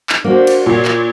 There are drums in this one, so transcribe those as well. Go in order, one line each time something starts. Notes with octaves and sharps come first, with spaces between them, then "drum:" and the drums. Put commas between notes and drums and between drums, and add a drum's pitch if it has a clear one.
drum: clap
A#3 D4 F#4 C5
drum: cymbal
A#2 C#5 D5 C7
drum: clap